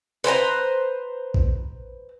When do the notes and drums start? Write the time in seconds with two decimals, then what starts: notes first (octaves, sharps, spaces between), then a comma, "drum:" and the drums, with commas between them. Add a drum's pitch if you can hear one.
0.24 B4 C5 G5 A#5
1.34 drum: kick A#1